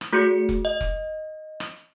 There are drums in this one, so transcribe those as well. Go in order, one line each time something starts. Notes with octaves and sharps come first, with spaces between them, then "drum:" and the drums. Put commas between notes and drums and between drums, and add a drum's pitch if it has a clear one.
drum: rim click
A3 F#4 G#4 C6 C#7
drum: kick F1
D#5
drum: kick F1
drum: rim click